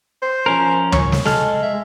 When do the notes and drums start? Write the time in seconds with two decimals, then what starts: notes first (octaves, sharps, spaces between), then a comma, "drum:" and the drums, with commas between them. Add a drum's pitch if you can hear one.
0.22 C5
0.46 F3 C#4 A#4
0.92 C#5, drum: tom
1.12 drum: snare
1.26 G#3 A4 F6, drum: snare
1.63 E5